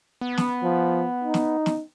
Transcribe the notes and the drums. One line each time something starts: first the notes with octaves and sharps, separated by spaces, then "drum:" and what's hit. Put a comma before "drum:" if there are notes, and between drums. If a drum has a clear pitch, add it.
B3
drum: snare
F3
D#4
drum: snare
drum: snare